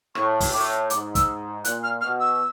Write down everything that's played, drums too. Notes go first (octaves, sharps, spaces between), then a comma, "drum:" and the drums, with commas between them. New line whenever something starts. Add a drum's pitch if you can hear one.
A2 C#6, drum: rim click
drum: kick, open hi-hat
A2 D6
G#2 D6, drum: hi-hat
E6, drum: kick, hi-hat
A#2 F#6, drum: hi-hat
F6
B2 F6
E6